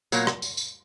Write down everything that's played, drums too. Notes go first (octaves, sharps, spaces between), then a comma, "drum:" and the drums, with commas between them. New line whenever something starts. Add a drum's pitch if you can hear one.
A#2 F#3 A#3, drum: tambourine
drum: rim click
drum: tambourine
drum: tambourine